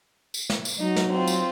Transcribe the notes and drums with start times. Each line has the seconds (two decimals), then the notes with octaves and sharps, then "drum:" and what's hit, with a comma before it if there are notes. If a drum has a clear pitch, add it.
0.34 drum: tambourine
0.50 drum: snare
0.65 drum: tambourine
0.79 F#3 D#4
0.96 drum: snare
1.12 C4 F4
1.27 drum: tambourine